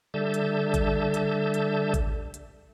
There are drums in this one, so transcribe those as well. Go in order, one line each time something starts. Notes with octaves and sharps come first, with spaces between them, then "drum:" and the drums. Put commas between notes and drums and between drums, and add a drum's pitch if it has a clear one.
D3 G3 A4 E5 A5 G6
drum: hi-hat
drum: kick G#1, hi-hat
drum: hi-hat
drum: hi-hat
drum: kick G#1, hi-hat
drum: hi-hat